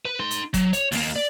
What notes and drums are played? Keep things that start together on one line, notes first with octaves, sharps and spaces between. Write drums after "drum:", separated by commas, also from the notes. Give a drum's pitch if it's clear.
B4
D#4 C6
drum: hi-hat
F#3, drum: kick G1, hi-hat
C#5, drum: hi-hat
D#2 A#3, drum: open hi-hat
D5